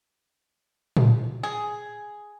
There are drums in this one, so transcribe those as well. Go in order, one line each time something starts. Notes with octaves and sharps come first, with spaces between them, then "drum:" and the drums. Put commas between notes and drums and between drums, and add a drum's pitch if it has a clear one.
drum: tom A2
G#4